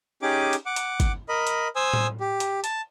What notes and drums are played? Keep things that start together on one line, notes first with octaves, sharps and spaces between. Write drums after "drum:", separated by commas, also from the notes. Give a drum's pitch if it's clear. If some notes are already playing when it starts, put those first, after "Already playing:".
C#4 D#4 G4 G#4 D6
drum: hi-hat
F#5 D6
drum: hi-hat
drum: kick, hi-hat
A#4 D#5 B5
drum: hi-hat
C5 G#5 D#6 E6
drum: tom A2
G4
drum: hi-hat
A5, drum: hi-hat